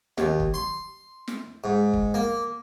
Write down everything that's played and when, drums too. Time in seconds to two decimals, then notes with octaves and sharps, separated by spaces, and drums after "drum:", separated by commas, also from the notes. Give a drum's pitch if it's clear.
0.18 D#2, drum: snare
0.40 drum: kick G1
0.54 C6
1.28 drum: snare
1.64 G#2
1.93 drum: kick G1
2.14 A#3